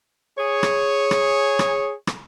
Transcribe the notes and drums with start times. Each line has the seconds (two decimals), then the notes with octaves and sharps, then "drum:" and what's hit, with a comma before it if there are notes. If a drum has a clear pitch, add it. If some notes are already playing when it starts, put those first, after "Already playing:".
0.39 G#4 C#5
0.63 drum: rim click
1.11 drum: rim click
1.59 drum: rim click
2.07 drum: rim click